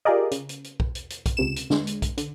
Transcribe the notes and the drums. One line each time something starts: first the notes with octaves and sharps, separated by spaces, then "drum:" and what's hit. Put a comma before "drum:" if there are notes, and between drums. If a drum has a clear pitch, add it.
F4 G4 G#4 A#4 D5 D#5
C#3, drum: hi-hat
drum: hi-hat
drum: hi-hat
drum: kick B1
drum: hi-hat
drum: hi-hat
drum: kick B1, hi-hat
C#2 C3 E7
drum: hi-hat
D3 G#3, drum: snare
drum: hi-hat
drum: kick B1, hi-hat
D3, drum: hi-hat